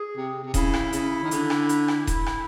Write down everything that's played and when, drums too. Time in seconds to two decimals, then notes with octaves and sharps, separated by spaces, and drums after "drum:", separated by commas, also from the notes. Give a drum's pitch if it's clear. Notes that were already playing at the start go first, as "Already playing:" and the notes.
Already playing: G#4
0.16 C3
0.44 C3
0.54 C#3 E4, drum: kick D#1, hi-hat
0.74 drum: rim click
0.93 C#3, drum: hi-hat
1.23 D#3
1.31 D3, drum: hi-hat
1.50 drum: rim click
1.69 drum: hi-hat
1.88 drum: rim click
2.07 drum: kick D#1, hi-hat
2.26 drum: rim click